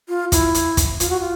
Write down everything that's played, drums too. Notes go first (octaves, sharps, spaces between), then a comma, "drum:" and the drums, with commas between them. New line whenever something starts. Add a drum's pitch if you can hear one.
F4
E4, drum: kick, hi-hat
drum: hi-hat
drum: kick, hi-hat
F4, drum: hi-hat
F#4
F4